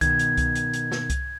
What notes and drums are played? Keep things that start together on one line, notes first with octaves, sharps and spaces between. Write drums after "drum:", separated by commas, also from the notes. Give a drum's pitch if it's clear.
B2 D#3 G#6, drum: kick C2, hi-hat
drum: hi-hat
drum: kick C2, hi-hat
drum: hi-hat
drum: hi-hat
drum: snare
drum: kick C2, hi-hat